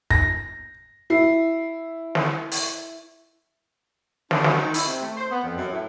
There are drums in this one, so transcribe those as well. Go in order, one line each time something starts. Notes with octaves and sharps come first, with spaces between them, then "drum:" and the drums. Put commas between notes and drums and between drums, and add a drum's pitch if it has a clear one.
A#6, drum: kick
E4 C7
drum: snare
drum: open hi-hat
D4, drum: snare
F#3, drum: snare
D#3
E4, drum: open hi-hat
C3
A3
C5
B3
F2
F#2
A2